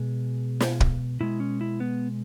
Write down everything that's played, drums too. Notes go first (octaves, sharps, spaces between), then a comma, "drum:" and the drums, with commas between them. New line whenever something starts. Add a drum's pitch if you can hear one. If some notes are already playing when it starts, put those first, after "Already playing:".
Already playing: B2 G#3 G#4
drum: snare
drum: kick
B2 G#3 E4
C#4
E4
B3